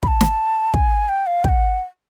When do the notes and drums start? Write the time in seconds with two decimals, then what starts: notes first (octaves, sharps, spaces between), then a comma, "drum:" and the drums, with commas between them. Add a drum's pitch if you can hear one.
0.03 B5, drum: kick
0.08 A5
0.21 drum: snare
0.74 G#5, drum: kick
1.09 G5
1.27 F5
1.44 G5, drum: kick
1.48 F#5